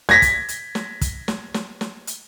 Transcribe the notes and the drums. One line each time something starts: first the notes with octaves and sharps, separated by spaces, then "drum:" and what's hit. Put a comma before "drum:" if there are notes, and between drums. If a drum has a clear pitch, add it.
G#6 A#6 B6, drum: snare
drum: kick, hi-hat
drum: hi-hat
drum: snare
drum: kick, hi-hat
drum: snare
drum: snare
drum: snare
drum: hi-hat